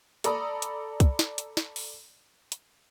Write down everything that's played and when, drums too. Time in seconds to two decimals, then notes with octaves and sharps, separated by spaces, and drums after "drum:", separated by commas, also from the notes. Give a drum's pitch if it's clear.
0.24 A4 D5 A#5 B5 D#6, drum: hi-hat
0.62 drum: hi-hat
1.00 drum: kick C2, hi-hat
1.19 drum: snare
1.38 drum: hi-hat
1.57 drum: snare
1.76 drum: open hi-hat
2.52 drum: hi-hat